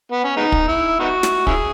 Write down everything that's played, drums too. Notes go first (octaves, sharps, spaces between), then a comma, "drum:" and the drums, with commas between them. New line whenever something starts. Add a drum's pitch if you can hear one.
B3
C#4
G#3 B3 D#4
drum: kick
E4
B3 D#4 F#4
drum: snare
C#4 E4 G#4, drum: kick